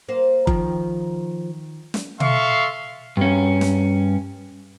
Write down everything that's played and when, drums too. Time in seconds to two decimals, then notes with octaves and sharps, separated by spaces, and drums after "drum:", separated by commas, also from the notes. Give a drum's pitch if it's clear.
0.09 A#3 C5
0.47 D#3 F3, drum: kick F#1
1.94 drum: snare
2.20 A4 E5 F5 C6 C#6, drum: tom B2
3.17 G2 C#4
3.61 drum: snare